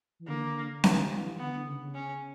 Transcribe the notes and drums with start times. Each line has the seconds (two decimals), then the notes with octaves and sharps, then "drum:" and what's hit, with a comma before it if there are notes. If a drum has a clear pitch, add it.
0.20 E3
0.27 D3 A#3
0.84 D3, drum: snare C4
1.11 E3
1.39 D3 B3
1.53 D3
1.67 C#3
1.81 C#3
1.95 C#4